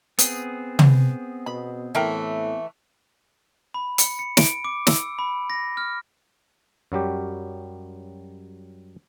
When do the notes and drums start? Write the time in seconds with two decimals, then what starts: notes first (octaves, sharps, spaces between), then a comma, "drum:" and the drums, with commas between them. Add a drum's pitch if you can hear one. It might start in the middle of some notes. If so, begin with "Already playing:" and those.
0.19 B3 C4 G#4, drum: hi-hat
0.79 drum: tom
1.46 B2 B5
1.95 A2 E3 A3 A#4 G5
3.74 B5
3.98 C#7, drum: hi-hat
4.19 C#7
4.37 D7, drum: snare
4.64 D6
4.87 E6, drum: snare
5.19 B5
5.50 A#6
5.77 F6
6.92 F#2 F#3 G3 G4